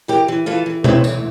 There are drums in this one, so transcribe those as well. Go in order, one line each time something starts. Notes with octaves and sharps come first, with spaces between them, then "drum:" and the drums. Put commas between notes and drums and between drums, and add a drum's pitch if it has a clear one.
E3 G4 A#4
E3
E3 F4 A4
E3
A2 C4 E4, drum: tom B2
E3, drum: tambourine